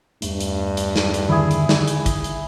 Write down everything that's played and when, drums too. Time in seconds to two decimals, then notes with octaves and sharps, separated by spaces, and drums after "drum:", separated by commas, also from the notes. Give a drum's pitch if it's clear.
0.22 E2 G2 A3, drum: hi-hat
0.40 drum: hi-hat
0.77 drum: hi-hat
0.96 drum: snare
1.14 drum: hi-hat
1.29 D3 D#3 E4 G#4
1.51 drum: hi-hat
1.69 drum: snare
1.88 drum: hi-hat
2.06 drum: kick, hi-hat
2.24 drum: hi-hat